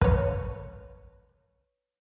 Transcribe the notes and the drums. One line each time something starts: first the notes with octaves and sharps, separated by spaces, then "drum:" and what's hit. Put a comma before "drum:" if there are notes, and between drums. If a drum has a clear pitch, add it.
B4 C#5, drum: kick